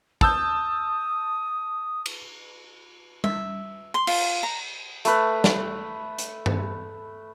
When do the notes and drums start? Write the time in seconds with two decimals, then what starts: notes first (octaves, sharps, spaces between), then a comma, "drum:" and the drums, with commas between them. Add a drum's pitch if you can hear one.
0.21 A5 D#6 E6 G6, drum: kick
2.06 drum: cymbal
3.24 E5, drum: tom G3
3.94 C6
4.07 F4, drum: cymbal
4.43 A#5
5.05 A3 B4, drum: hi-hat
5.44 drum: snare
6.19 drum: hi-hat
6.46 drum: tom G2